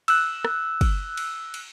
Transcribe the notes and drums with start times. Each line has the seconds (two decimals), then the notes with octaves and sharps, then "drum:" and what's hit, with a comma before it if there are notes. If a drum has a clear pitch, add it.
0.08 E6 F#6, drum: cymbal
0.45 drum: rim click
0.81 drum: kick, cymbal
1.17 drum: cymbal
1.54 drum: cymbal